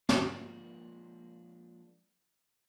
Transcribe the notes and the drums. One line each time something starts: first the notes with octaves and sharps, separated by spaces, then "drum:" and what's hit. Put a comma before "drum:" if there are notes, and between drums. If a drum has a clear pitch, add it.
F3 G#3 A#3 D4, drum: snare